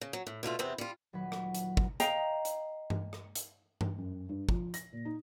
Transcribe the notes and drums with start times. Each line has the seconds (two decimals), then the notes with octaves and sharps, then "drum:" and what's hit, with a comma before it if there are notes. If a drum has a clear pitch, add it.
0.01 C#3
0.13 F#3
0.27 A2
0.43 B2 D3 A3 F4
0.59 E2 C3 B3 C4
0.78 G3 F4
1.13 D#1 F#3 B4
1.32 drum: rim click
1.55 drum: hi-hat
1.77 drum: kick
2.00 D#5 F5 G5 A#5, drum: hi-hat
2.45 drum: hi-hat
2.90 drum: tom G2
3.13 drum: rim click
3.35 drum: hi-hat
3.81 drum: tom G2
3.98 F#2
4.29 G2
4.49 F3, drum: kick
4.74 A#6, drum: hi-hat
4.93 A#2
5.05 D#4